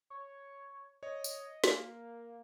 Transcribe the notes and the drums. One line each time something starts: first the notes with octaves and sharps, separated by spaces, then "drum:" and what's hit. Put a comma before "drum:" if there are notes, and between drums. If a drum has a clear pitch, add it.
C#5
C#5 D#5
drum: tambourine
A#3 F5, drum: snare